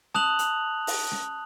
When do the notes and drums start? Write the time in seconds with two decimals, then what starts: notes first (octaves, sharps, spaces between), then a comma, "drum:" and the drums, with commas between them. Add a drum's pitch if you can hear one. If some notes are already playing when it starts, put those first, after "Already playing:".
0.14 A5 D#6 F#6 F7 F#7, drum: snare C#4
0.39 drum: hi-hat
0.87 drum: open hi-hat
1.11 drum: snare C#4